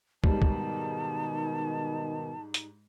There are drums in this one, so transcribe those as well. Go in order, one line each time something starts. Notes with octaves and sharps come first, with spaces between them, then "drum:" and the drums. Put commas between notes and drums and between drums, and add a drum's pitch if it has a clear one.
G#2 B2 D#3 G3 D#4 A5, drum: kick
drum: kick
drum: hi-hat